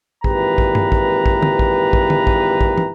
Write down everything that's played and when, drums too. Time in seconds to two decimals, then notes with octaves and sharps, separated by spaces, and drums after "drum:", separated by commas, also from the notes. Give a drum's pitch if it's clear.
0.24 G#1 A#2 E3 G4 B4 A#5, drum: kick
0.58 drum: kick
0.75 drum: tom G2
0.92 drum: kick
1.26 drum: kick
1.43 drum: tom
1.59 drum: kick
1.93 drum: kick
2.10 drum: tom
2.27 drum: kick
2.61 drum: kick
2.78 drum: tom